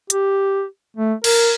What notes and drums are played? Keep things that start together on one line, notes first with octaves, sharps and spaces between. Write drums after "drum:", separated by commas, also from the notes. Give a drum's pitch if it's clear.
G4, drum: hi-hat
A3
A#4, drum: cymbal